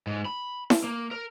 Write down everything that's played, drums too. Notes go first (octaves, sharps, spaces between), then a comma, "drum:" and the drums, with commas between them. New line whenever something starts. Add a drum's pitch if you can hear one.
G#2
B5
drum: snare E4
A#3
A#4